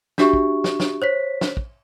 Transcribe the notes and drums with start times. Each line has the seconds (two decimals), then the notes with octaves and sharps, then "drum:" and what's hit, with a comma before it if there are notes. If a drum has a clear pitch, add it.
0.18 D4 F#4 G4 E5 C#6, drum: snare
0.33 drum: kick
0.64 drum: snare
0.80 drum: snare
1.02 C5 C#5 B6
1.41 drum: snare
1.57 drum: kick